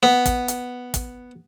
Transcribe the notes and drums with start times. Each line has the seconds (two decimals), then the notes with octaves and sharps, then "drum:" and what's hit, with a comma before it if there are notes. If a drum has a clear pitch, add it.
0.03 B3
0.26 drum: kick, hi-hat
0.48 drum: hi-hat
0.94 drum: kick, hi-hat